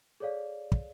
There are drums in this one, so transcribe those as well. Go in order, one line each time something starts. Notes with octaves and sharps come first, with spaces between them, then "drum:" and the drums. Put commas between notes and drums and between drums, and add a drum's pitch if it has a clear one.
G#4 A4 C#5 D5 F5
drum: kick